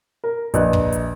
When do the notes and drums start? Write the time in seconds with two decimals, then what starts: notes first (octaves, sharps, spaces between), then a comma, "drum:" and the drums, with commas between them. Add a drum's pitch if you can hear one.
0.24 A#4
0.54 A#1 B4 D#5 F#6, drum: hi-hat
0.73 drum: kick
0.93 drum: hi-hat